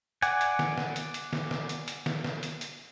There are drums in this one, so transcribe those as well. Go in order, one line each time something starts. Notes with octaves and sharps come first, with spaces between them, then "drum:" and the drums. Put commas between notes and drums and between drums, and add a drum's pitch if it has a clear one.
D5 F#5 G#5, drum: hi-hat
drum: hi-hat
drum: snare
drum: snare
drum: hi-hat
drum: hi-hat
drum: snare
drum: snare
drum: hi-hat
drum: hi-hat
drum: snare
drum: snare
drum: hi-hat
drum: hi-hat